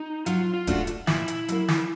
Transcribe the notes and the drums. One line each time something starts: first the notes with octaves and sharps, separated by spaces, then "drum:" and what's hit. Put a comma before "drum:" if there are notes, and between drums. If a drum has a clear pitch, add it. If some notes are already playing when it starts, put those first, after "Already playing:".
Already playing: D#4
F#3 F4, drum: hi-hat
F4
A3 D4 F#4, drum: kick D#1, hi-hat
drum: hi-hat
A#2 E4, drum: snare
drum: hi-hat
F#3 A#3, drum: hi-hat
drum: snare